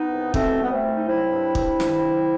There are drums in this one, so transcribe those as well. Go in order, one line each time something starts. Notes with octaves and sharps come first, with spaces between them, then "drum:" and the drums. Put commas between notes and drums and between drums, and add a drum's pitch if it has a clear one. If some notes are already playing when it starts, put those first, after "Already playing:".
Already playing: B3 D#4
C2
B2 A3 C4, drum: kick
G3 B3
A3 C4
C2
D#4
F#3 C4 E4
G2
G2, drum: kick
D#3, drum: snare
F#3